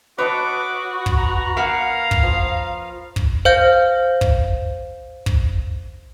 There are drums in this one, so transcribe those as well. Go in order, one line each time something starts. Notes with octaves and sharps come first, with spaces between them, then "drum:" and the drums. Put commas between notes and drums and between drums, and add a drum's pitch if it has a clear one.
F#4 B4 C#5 D#5 A5 D6
drum: kick
A#5
A#3 F5 F#5
drum: kick
F3
drum: kick
C5 F5 G6
drum: kick
drum: kick